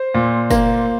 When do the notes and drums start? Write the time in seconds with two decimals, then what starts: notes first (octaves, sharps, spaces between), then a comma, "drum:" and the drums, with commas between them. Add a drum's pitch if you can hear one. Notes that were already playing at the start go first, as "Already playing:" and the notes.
Already playing: C5
0.14 A#2
0.50 A#3, drum: kick, tambourine